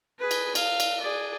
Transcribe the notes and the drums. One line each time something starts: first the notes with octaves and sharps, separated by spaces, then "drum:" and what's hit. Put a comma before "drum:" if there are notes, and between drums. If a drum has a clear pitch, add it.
G#4 B4
drum: cymbal
F5, drum: cymbal
drum: cymbal
G#4 D5